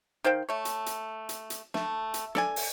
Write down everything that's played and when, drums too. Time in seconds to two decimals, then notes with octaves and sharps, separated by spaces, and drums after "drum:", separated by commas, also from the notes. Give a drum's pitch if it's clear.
0.24 D#3 C5 F5 G5
0.49 A3 C#5
0.65 drum: hi-hat
0.86 drum: hi-hat
1.29 drum: hi-hat
1.50 drum: hi-hat
1.74 A3, drum: snare
2.14 drum: hi-hat
2.35 A4 D5 G#5, drum: snare
2.56 drum: open hi-hat